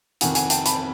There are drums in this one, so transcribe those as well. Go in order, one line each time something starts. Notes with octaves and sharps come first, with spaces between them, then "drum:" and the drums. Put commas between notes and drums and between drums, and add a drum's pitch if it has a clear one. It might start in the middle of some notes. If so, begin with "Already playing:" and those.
F2 C3 D#3 F#5 G#5, drum: hi-hat
F#5 G#5, drum: hi-hat
G5 A5, drum: hi-hat
A5 B5, drum: hi-hat